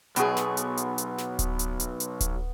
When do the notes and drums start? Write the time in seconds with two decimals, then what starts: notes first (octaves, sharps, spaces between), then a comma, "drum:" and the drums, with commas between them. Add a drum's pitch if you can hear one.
0.16 B1 B2 B3 G#4 C#6, drum: hi-hat
0.37 drum: snare
0.57 drum: hi-hat
0.77 drum: hi-hat
0.98 drum: hi-hat
1.18 drum: snare
1.39 drum: kick D1, hi-hat
1.59 drum: hi-hat
1.80 drum: hi-hat
2.00 drum: hi-hat
2.20 drum: kick D1, hi-hat